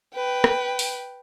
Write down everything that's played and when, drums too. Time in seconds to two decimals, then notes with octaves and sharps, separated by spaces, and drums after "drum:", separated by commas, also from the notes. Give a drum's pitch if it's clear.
0.15 B4 G5
0.44 drum: rim click
0.79 drum: open hi-hat